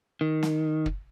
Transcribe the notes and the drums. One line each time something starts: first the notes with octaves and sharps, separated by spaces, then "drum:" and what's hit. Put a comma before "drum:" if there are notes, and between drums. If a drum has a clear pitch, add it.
D#3
drum: snare
drum: kick